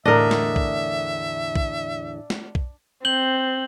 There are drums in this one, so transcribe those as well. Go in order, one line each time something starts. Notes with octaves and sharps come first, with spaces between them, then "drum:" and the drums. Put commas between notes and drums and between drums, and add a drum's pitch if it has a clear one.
E2 A2 D3 D4 A#4 D#5 E5
drum: snare
drum: kick B1
drum: kick B1
drum: snare
drum: kick B1
C4 G6 F#7 G7